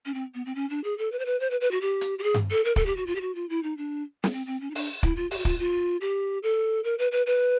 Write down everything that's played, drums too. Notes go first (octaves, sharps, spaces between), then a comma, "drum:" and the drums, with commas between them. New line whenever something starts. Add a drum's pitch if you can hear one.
C#4
C4
B3
C4
C#4
D4
G#4
A4
B4
C5
B4
C5
B4
B4
F#4
G4
drum: hi-hat
G4
G#4
drum: tom G2
A4
A#4
A4, drum: kick
G4
F#4
F4
G4
F#4
F4
E4
D#4
D4
B3, drum: snare
C4
C4
C#4
D#4
D4, drum: open hi-hat
E4, drum: kick
F4
G4, drum: open hi-hat
F#4
F4, drum: kick
F4
G4
A4
A#4
B4
B4
B4